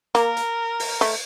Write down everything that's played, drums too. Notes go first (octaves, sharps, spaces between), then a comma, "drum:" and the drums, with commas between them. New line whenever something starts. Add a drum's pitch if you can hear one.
A#3 A#4, drum: hi-hat
drum: hi-hat
drum: open hi-hat
A3, drum: open hi-hat